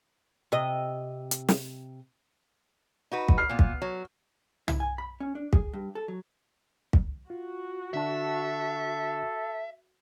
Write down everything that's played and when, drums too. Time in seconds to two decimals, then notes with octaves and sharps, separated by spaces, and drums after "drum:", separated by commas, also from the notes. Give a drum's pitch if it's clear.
0.52 C3 D#5
1.31 drum: hi-hat
1.49 drum: snare
3.12 D#4 F#4 B4
3.28 drum: kick
3.38 F6 C7
3.49 A#2 B3
3.59 drum: kick
3.82 F#3
4.68 E4, drum: tom
4.80 G#5
4.98 B5
5.20 C#4
5.35 D4
5.53 G#4, drum: kick
5.73 G2
5.95 A4
6.08 F#3
6.93 drum: kick
7.30 F4 F#4
7.94 D3 D4 A4 E5 A5